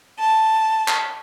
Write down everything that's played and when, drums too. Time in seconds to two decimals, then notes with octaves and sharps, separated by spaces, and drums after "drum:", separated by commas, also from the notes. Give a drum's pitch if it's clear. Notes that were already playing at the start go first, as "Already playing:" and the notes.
0.18 A5
0.88 drum: clap